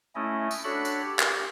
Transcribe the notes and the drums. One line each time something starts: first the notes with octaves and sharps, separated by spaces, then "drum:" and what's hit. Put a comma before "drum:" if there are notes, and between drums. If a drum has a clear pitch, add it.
A3 C#4 E4 D#5
drum: tambourine
D4 F#4 A4 C#5 F#5 B5
drum: tambourine
G4
drum: clap